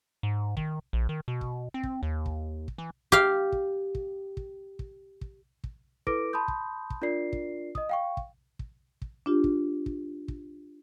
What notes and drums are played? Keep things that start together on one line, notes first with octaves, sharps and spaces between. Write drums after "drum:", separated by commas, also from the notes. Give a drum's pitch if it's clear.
G#2
D#3, drum: kick
A#1
D#3
B2
drum: kick
C4
drum: kick
D#2
drum: kick
drum: kick
E3
G4 F5, drum: kick
drum: kick
drum: kick
drum: kick
drum: kick
drum: kick
drum: kick
E4 A4 B4 D6 A#6 D7, drum: kick
A5 B5 C6 D#6 G6
drum: kick
drum: kick
D4 F4 A#4 D5 C7
drum: kick
D#5 D#6, drum: kick
F5 G5 C#6
drum: kick
drum: kick
drum: kick
D4 F4 G4
drum: kick
drum: kick
drum: kick